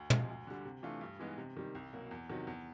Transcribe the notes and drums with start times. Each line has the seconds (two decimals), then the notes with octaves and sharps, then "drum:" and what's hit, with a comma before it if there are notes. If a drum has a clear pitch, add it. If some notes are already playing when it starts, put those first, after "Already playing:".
Already playing: D2
0.10 C3 F3 G#3, drum: tom
0.29 D2
0.47 D3 G3
0.65 C3
0.83 E3 A3 D4 F4
1.01 G2
1.19 E3 G#3 B3 D#4
1.38 C3
1.57 D#3 G3
1.75 C2
1.93 B2 F#3 A#3
2.11 E2
2.29 C3 D#3 F#3
2.47 E2